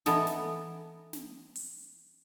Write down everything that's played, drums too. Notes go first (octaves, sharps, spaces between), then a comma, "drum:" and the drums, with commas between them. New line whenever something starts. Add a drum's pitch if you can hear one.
E3 B3 D#4 A4 A#4, drum: snare
drum: snare
drum: snare
drum: open hi-hat